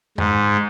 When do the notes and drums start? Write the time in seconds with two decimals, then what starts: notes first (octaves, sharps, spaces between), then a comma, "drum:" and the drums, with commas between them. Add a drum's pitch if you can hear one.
0.18 G#2, drum: tom F2